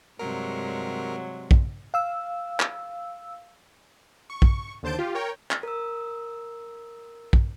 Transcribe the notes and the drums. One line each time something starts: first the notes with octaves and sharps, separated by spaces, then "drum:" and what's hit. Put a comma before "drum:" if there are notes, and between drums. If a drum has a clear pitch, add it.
G2 C3 F#3 G#3 A#4
drum: kick
F5 E6
drum: clap
C#6
drum: kick
D#2 D3 C5 A5 G6 D7
F4 G4
A#4 C#5 G5
drum: clap
A#4 E6
drum: kick